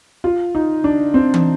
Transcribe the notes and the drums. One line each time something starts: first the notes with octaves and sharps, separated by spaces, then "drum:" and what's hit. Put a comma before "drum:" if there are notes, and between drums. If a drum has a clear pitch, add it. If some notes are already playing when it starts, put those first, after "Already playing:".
F4
D#4
D4
C4
drum: tom